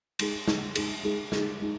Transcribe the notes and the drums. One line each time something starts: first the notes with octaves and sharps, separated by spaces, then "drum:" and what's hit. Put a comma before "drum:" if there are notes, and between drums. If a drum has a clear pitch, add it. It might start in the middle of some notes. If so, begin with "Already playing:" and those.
G#3 D#4 G#4, drum: cymbal
G#3 D#4 G#4, drum: snare
G#3 D#4 G#4, drum: cymbal
G#3 D#4 G#4
G#3 D#4 G#4, drum: snare
G#3 D#4